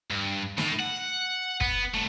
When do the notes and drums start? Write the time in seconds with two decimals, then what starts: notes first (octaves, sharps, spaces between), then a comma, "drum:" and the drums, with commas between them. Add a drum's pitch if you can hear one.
0.11 G2
0.58 A2, drum: snare
0.80 F#5
1.61 B3, drum: kick
1.94 C2 A3